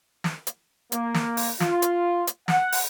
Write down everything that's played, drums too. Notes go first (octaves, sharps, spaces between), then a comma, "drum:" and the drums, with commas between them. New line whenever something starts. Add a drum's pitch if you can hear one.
drum: snare
drum: hi-hat
A#3, drum: hi-hat
drum: snare
drum: open hi-hat
F4, drum: snare
drum: hi-hat
drum: hi-hat
F#5, drum: snare
drum: open hi-hat